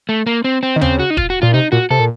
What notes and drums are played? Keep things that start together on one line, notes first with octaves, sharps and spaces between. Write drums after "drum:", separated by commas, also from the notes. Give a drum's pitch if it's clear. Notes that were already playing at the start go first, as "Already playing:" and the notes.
A3
A#3
C4
C4
D#3
C#3 C4, drum: tom D#2
F#4
D#4
F4, drum: kick
F#4
A#2 F4
C3 D#4
A#2 F#4
C3 A4
A#2